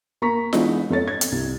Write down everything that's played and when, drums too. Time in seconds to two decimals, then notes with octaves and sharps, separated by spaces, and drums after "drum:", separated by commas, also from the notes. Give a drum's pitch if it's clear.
0.22 A#3 A#5 C#6 B6
0.53 E3 G#3 B3 D4 D#4, drum: snare F4
0.90 F2 A4 C#5 A6
1.08 G#6
1.21 drum: hi-hat
1.32 C2